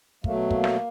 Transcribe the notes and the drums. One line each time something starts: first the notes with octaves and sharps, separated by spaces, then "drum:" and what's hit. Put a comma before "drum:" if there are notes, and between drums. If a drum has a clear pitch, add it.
B2 F#3 A3 A#3, drum: kick
A#3, drum: kick
drum: snare